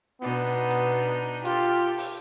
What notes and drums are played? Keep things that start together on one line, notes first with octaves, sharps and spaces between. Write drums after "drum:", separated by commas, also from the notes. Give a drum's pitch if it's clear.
B2 B3 D4 D#4
drum: hi-hat
F4 G4 A4, drum: hi-hat
drum: open hi-hat